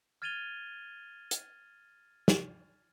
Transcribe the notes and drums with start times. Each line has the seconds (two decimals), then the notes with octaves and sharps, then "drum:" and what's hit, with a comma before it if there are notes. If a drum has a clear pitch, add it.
0.22 F6 G#6 A6 D#7 F7 G7
1.31 drum: hi-hat
2.28 drum: snare